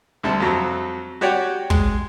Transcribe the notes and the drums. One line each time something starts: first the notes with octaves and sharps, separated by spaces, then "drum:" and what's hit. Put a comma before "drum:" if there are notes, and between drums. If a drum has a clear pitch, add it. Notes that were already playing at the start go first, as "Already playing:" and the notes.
D2 C3 G3 A5
F2 F#3 C4
F#4 G4 C#5 D5 F#5 G5
G#3, drum: kick